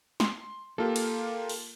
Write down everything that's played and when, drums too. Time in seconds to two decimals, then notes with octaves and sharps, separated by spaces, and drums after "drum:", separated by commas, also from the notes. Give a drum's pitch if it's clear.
0.20 C6, drum: snare
0.78 A#3 F4 G4 A4
0.96 drum: cymbal
1.49 drum: open hi-hat